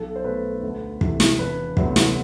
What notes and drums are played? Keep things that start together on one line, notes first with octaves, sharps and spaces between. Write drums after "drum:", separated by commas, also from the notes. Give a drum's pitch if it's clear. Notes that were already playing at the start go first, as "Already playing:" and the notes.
Already playing: B1 A4
C5
B2 A3 B4
D2
C3 E3 A3, drum: kick
drum: snare
E1 B4
D2 C3 F#3 B3, drum: kick
drum: snare